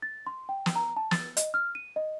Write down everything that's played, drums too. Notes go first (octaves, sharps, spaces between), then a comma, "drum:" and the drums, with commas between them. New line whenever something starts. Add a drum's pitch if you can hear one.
A6
C6
G5
drum: snare
A#5
A5
A6, drum: snare
D#5, drum: hi-hat
F6
D#7
D#5